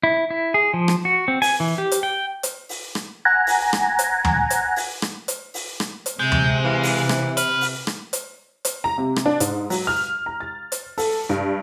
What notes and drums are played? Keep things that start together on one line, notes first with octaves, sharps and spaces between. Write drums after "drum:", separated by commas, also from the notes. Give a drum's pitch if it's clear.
E4
E4
G#4
F3
drum: rim click
F#4
C4
G#5, drum: open hi-hat
E3
G4
drum: hi-hat
G5
drum: hi-hat
drum: open hi-hat
drum: rim click
F#5 G#5 A#5
drum: open hi-hat
drum: rim click
drum: hi-hat
drum: tom
drum: hi-hat
drum: open hi-hat
drum: rim click
drum: hi-hat
drum: open hi-hat
drum: rim click
drum: hi-hat
C3 G#3 G6
drum: tom
E3 F5
drum: open hi-hat
drum: rim click
B4 F6, drum: hi-hat
drum: open hi-hat
drum: rim click
drum: hi-hat
drum: hi-hat
A#5
C3
drum: rim click
D4
G#2, drum: hi-hat
F#3, drum: open hi-hat
F6
A#5
A6
drum: hi-hat
A4, drum: open hi-hat
G2